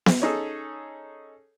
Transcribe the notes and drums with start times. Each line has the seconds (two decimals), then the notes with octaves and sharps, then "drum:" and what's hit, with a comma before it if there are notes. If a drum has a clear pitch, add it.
0.06 drum: snare B3
0.22 C#4 D#4 G#4 A4